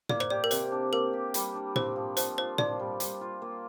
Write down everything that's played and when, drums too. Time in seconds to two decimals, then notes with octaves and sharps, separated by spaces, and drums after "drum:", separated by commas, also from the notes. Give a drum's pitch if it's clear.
0.09 A#3 D5, drum: tom
0.20 C5, drum: rim click
0.30 G4 D5
0.44 A#4
0.51 C3 C5, drum: hi-hat
0.72 D4
0.93 A#3 A#4
1.13 G4
1.34 G3, drum: hi-hat
1.55 D4
1.76 C4 C5, drum: tom
1.96 F3
2.17 F3 C5, drum: hi-hat
2.38 F4 C5
2.58 D4 D5, drum: tom
2.79 G3
3.00 G3, drum: hi-hat
3.21 F4
3.42 A#3